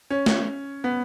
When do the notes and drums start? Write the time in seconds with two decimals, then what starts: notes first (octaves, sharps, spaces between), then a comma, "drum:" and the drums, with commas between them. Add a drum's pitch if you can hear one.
0.10 C#4
0.26 drum: snare
0.84 B3